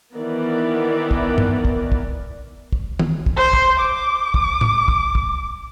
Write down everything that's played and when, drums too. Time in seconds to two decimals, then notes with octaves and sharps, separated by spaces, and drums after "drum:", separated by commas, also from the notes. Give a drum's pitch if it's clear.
0.15 D#3 E3 B3 A#4 D5
1.11 drum: kick
1.38 drum: tom G2
1.65 drum: kick
1.92 drum: kick
2.73 drum: kick
2.99 drum: tom
3.26 drum: kick
3.37 C5
3.53 drum: kick
3.80 D6
4.34 drum: kick
4.61 drum: tom A2
4.88 drum: kick
5.15 drum: kick